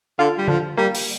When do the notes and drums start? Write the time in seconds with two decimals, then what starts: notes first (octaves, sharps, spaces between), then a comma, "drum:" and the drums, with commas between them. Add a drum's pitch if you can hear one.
0.19 D3 F4
0.38 G3
0.48 D3 F3
0.77 G3 A#3
0.95 drum: open hi-hat